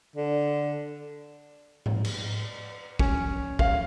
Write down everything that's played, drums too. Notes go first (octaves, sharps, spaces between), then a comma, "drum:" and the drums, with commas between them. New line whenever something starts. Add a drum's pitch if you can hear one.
D3
drum: tom G#2
drum: cymbal
C#4, drum: kick
F5, drum: kick